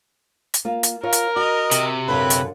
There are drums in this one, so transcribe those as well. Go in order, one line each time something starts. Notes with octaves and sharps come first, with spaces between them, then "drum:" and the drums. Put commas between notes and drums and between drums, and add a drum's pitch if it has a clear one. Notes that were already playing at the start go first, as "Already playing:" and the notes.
drum: hi-hat
A#3 F4
drum: hi-hat
F4 A#4 C#5
drum: hi-hat
F#4 D#5
C3, drum: hi-hat
F#2 A#2 D3 B4 C#5
drum: hi-hat